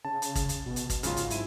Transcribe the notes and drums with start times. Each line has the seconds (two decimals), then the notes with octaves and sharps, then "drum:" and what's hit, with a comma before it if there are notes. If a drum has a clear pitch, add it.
0.05 C#3 A5
0.22 drum: hi-hat
0.35 drum: kick, hi-hat
0.49 drum: hi-hat
0.66 B2
0.76 drum: hi-hat
0.90 drum: kick, hi-hat
1.03 G#2 C#3 F#3 F4, drum: hi-hat
1.17 drum: hi-hat
1.30 E4 D#7, drum: hi-hat